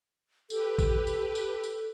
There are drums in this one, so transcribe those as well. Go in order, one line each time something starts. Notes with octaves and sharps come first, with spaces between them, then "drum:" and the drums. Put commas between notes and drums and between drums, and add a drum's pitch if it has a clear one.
G4 A4 B4, drum: tambourine
drum: kick A1, tambourine
drum: tambourine
drum: tambourine
drum: tambourine